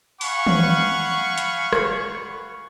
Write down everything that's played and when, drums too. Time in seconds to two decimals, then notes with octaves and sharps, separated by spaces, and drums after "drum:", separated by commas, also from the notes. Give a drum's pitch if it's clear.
0.21 F5 F#5 G#5 B5 C#6, drum: open hi-hat
0.47 drum: tom D#3
1.38 drum: hi-hat
1.73 drum: rim click